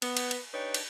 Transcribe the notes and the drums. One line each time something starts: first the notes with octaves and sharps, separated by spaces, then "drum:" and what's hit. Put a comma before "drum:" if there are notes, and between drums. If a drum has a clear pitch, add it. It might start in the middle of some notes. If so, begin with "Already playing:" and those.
B3, drum: cymbal
drum: cymbal
drum: cymbal
D4 D#4 G4 B4 C#5
drum: cymbal